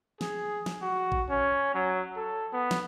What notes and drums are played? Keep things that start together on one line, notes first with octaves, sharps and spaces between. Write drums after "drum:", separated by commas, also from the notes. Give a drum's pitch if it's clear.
G#4, drum: snare
drum: snare
F#4
drum: kick A1
C#4
F#3
A4
B3
drum: snare